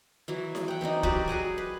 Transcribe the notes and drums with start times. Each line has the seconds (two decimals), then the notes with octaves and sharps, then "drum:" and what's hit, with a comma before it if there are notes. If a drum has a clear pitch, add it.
0.28 E3 F#3 E4
0.55 drum: snare E4
0.68 F#5 G5
0.81 E3 C4 D4 D#4
1.03 F#3 G4 B4 D5, drum: kick
1.28 F#4 G#4 F#5 G#5
1.58 B4